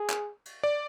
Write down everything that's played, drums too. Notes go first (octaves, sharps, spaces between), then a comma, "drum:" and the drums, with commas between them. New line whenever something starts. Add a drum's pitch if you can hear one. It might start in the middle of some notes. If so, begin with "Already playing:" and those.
Already playing: G#4
drum: clap
drum: cymbal
D5